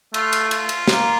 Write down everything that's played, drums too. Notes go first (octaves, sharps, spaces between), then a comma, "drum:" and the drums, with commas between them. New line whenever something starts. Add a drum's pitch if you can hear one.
A3 F4, drum: cymbal
drum: cymbal
F4, drum: cymbal
drum: cymbal
A#3, drum: snare